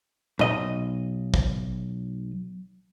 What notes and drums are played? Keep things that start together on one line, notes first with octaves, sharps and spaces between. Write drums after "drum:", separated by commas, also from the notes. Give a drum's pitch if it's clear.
B1 D#5, drum: tom A#2
drum: kick